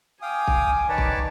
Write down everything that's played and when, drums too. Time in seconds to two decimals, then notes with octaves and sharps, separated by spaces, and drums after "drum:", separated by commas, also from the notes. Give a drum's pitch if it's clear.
0.22 F5 G5 G#5 D6 D#6
0.47 drum: kick
0.89 D#3 B4 C#5 D5 A5
0.98 drum: kick